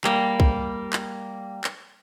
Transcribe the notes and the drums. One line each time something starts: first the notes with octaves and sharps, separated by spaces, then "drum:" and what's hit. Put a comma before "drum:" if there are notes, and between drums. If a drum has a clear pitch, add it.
G3 A#3, drum: clap
drum: kick
drum: clap
drum: clap